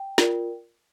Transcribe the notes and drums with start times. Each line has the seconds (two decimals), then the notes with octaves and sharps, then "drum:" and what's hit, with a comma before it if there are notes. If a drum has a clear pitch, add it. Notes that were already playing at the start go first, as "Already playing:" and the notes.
Already playing: G5
0.18 F4 A#4 D5, drum: snare